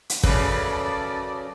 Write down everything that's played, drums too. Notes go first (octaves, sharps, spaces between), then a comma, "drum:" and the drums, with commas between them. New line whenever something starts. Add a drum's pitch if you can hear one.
drum: hi-hat
F#2 C#3 A4 B4 D5, drum: kick